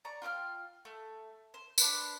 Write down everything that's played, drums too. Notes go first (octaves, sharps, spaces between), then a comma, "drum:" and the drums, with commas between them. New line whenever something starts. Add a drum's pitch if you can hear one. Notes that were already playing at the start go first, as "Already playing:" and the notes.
D5 A#5 C#6
F4 G5 D6 F6
A3
C5
D4 B4 C5, drum: tambourine